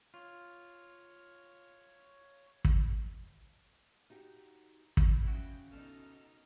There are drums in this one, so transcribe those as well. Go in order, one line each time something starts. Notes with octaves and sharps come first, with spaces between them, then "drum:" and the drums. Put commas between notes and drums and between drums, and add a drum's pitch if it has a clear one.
F4 C#5
drum: kick
D#4 F#4 G4
drum: kick
C#3 E4 F#4 G5
B2 D#4 A4 F6